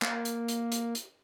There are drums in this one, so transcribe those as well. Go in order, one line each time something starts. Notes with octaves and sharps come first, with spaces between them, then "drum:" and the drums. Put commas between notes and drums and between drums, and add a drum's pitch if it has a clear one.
A#3, drum: clap
drum: hi-hat
drum: hi-hat
drum: hi-hat
drum: hi-hat